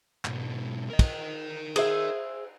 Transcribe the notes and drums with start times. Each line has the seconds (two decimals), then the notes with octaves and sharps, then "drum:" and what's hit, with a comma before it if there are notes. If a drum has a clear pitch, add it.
0.25 G#2 B2, drum: clap
0.90 A#4 D#5
0.99 drum: kick, cymbal
1.76 G#4 C5 E5, drum: cymbal